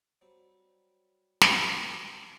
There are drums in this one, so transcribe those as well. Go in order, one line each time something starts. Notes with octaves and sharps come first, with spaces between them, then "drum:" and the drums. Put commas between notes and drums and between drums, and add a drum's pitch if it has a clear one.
F#3 G3 C4
drum: snare